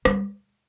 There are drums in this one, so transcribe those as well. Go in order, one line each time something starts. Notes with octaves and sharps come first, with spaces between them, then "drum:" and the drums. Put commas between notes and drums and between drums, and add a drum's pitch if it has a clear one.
G3, drum: rim click